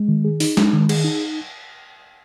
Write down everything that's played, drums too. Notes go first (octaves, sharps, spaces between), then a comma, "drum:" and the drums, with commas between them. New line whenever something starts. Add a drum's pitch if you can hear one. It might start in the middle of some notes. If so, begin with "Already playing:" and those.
Already playing: G#3
D#3
G#4
D#4, drum: open hi-hat
G#3, drum: snare
D#3
G#4, drum: cymbal
D#4